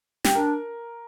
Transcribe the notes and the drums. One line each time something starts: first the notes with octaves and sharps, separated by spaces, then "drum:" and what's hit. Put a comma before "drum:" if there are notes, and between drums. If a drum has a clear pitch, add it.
G4, drum: snare
D4 A#4